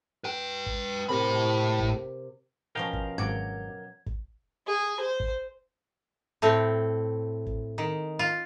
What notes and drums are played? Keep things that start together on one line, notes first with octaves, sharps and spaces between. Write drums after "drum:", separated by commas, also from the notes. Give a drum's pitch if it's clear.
B4 G5
drum: kick
A2 C3 A#4 B5
drum: kick
B2 F3 C#4 A#4 F5 G5
drum: kick
G#1 F#3 D5 G#6
drum: kick
G#4
C5
drum: kick
A2 A3 C4
drum: kick
D#3
F4